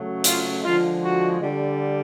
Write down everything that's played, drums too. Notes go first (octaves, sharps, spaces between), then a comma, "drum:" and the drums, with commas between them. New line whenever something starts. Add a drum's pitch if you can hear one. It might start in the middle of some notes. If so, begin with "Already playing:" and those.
Already playing: C#3 F#3 A3
F4, drum: hi-hat
D3 F3 G#3 F4
F#4
D3 G3